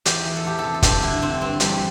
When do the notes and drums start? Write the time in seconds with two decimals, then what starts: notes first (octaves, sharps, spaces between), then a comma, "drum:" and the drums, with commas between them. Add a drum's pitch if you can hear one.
0.05 E2 G4, drum: hi-hat
0.25 E3
0.36 A4
0.45 E2 G4
0.59 C3 A4
0.74 A4
0.82 G2 G4, drum: kick, hi-hat
1.02 D3 E4
1.22 D3 C4
1.41 G2 C4
1.60 E2 G3, drum: hi-hat